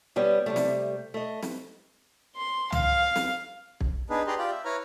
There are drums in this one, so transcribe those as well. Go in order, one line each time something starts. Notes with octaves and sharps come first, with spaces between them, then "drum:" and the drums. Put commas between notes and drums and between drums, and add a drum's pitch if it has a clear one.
G3 B3 C#4
C3 G3 A3
drum: snare
A3 D#5
drum: snare
C6
F5, drum: tom
drum: snare
drum: kick
B3 D4 D#4 G#4 B4
G4 G#4 B4 D5 A#5 C6
F4 G4 D5 G5
E5
E4 B4 C#5 A#5 F6